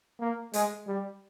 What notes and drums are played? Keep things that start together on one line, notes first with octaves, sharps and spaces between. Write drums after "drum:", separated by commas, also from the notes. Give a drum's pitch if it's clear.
A#3
G#3, drum: hi-hat
G3